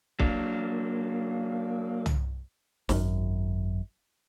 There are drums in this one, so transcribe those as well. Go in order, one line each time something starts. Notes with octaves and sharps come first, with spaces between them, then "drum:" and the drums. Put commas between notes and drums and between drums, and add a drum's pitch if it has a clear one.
F#3 A#3 D4, drum: kick
drum: tom
G#1 F#2, drum: snare